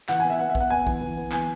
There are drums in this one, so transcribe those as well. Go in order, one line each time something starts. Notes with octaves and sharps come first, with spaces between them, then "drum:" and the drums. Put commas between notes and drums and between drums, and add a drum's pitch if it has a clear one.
E3 F#5, drum: clap
B3 G#5
E5
B3 F#5
E5
B3, drum: kick A#1
F#5
B3 G#5
E3, drum: kick A#1
E3
B3
E3 G#5, drum: clap